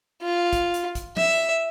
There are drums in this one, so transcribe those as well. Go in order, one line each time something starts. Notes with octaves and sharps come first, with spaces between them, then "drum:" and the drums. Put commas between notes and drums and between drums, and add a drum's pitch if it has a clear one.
F4
drum: kick, hi-hat
drum: hi-hat
drum: kick, hi-hat
E5, drum: tom